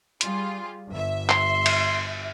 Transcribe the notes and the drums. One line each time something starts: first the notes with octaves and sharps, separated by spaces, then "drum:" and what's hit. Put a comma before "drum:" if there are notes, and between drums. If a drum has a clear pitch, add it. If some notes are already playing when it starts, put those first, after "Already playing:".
G3 F4 G#4, drum: hi-hat
G1 E5
C6, drum: clap
drum: cymbal